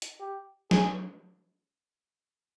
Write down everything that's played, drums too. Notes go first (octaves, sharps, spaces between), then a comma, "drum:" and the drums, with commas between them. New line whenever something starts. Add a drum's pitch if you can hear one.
drum: hi-hat
G4
G#4, drum: snare